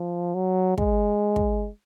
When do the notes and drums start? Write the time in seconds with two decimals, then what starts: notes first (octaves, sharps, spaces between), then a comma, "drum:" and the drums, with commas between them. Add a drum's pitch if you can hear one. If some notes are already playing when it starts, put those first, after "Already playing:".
Already playing: F3
0.34 F#3
0.78 G#3, drum: kick
1.36 drum: kick